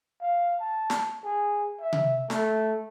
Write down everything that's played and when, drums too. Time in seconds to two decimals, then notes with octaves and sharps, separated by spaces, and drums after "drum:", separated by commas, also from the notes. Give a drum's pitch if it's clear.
0.21 F5
0.60 A5
0.90 drum: snare
1.24 G#4
1.81 E5
1.93 drum: tom C3
2.30 A3, drum: snare